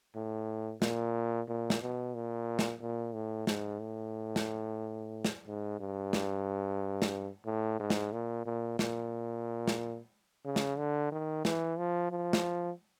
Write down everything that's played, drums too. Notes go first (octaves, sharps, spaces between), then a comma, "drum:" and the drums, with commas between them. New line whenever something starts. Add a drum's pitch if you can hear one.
A2
A#2, drum: snare
A#2
drum: snare
B2
A#2
drum: snare
A#2
A2
G#2, drum: snare
A2
drum: snare
drum: snare
G#2
G2
drum: snare
drum: snare
A2
G#2
drum: snare
A#2
A#2
A#2, drum: snare
drum: snare
C#3
drum: snare
D3
D#3
E3, drum: snare
F3
F3
drum: snare